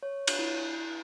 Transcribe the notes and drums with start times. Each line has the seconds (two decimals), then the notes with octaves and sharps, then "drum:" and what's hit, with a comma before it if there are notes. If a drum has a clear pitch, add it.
0.03 C#5
0.27 drum: cymbal
0.39 E4